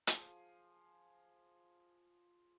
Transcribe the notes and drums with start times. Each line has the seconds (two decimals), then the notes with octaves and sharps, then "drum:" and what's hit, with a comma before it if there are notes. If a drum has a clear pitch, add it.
0.07 F3 G#4, drum: hi-hat